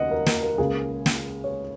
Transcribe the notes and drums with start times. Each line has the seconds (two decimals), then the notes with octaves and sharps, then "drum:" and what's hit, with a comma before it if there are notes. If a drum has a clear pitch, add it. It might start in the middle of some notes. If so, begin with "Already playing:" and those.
Already playing: D#2 C#3 A#3 D#5 F#5
0.11 A#4
0.26 A#4, drum: snare
0.43 A#4
0.58 C#2 C#3 A#3 G#4
1.06 drum: snare
1.44 C#5